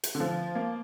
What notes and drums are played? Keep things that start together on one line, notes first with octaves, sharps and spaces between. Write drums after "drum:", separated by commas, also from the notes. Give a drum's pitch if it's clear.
drum: hi-hat
D3
F3
A#3